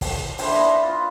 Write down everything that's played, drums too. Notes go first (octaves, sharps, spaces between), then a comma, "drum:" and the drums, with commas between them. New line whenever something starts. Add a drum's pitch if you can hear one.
drum: kick, open hi-hat
D4 E4 C5 A5, drum: open hi-hat
B4 D#5 G#5
F4